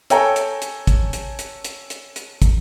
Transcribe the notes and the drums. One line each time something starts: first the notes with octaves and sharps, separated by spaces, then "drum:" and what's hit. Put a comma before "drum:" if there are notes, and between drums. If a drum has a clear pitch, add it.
A4 C#5 G5 G#5 A#5, drum: hi-hat
drum: hi-hat
drum: hi-hat
drum: kick, hi-hat
drum: hi-hat
drum: hi-hat
drum: hi-hat
drum: hi-hat
drum: hi-hat
drum: kick, hi-hat